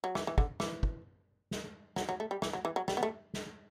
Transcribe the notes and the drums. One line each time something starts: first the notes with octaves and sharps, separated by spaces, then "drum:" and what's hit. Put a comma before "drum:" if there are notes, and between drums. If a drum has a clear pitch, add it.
F#3
E3, drum: snare
E3
D3, drum: kick
E3, drum: snare
drum: kick
drum: snare
F#3, drum: snare
F#3
A3
G3
E3, drum: snare
F#3
E3
F#3
G3, drum: snare
B3
A3
drum: snare